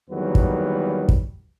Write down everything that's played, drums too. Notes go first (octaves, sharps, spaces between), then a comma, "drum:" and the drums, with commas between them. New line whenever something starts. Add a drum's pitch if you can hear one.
E2 D#3 F#3 G3 A#3 B4
drum: kick
drum: kick